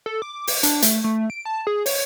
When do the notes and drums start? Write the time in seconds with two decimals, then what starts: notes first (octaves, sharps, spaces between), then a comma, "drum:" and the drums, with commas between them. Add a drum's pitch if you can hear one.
0.06 A4
0.22 D6
0.47 drum: open hi-hat
0.63 D4, drum: hi-hat
0.82 A3, drum: hi-hat
1.04 A3
1.30 D7
1.45 A5
1.67 G#4
1.86 C#5, drum: open hi-hat